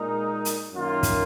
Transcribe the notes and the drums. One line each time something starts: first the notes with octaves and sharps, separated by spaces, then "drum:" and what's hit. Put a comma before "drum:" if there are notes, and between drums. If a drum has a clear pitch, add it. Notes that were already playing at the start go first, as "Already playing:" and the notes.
Already playing: A#2 G#3 D#4 A#4
drum: hi-hat
F#2 D#3 A#3 F4
drum: kick, hi-hat